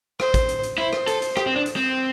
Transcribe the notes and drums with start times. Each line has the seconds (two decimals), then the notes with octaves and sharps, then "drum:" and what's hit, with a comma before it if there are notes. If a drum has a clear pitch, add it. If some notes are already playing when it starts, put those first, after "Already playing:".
0.20 C5, drum: rim click
0.34 drum: kick, hi-hat
0.49 drum: hi-hat
0.63 drum: hi-hat
0.78 E4 C5
0.93 drum: rim click
1.07 A4, drum: hi-hat
1.22 drum: hi-hat
1.37 G4, drum: rim click
1.47 C4
1.56 D4
1.66 drum: hi-hat
1.76 C4